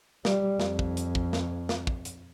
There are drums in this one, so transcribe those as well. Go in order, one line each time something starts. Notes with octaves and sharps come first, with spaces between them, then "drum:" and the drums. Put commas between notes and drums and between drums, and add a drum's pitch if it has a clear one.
G3, drum: snare
F2, drum: snare
drum: kick
drum: hi-hat
drum: kick
drum: snare
drum: snare
drum: kick
drum: hi-hat